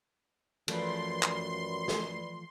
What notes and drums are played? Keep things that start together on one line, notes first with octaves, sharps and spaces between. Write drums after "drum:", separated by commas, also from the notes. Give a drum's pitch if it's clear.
F#2 E3 F3 A3 B4 D5 B5 C6, drum: cymbal
drum: clap
drum: snare